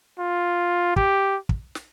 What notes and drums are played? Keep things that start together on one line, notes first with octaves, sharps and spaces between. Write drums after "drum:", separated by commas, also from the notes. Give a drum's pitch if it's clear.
F4
G4, drum: kick
drum: kick
drum: snare